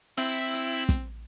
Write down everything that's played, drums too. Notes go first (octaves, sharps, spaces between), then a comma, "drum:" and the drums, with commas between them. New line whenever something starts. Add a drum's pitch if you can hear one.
C4 E4, drum: hi-hat
drum: hi-hat
drum: kick, hi-hat